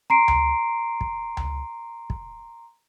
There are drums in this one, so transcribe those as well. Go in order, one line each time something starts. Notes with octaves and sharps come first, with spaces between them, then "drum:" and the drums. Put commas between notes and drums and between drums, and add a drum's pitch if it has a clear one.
A#5 C6 C7 D7
drum: tom C#2
drum: kick
drum: tom C#2
drum: kick